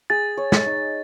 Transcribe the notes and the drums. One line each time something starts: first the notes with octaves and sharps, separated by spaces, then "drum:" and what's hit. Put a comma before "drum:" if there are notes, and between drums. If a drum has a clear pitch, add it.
G#4 A6
C#5
drum: snare
D#4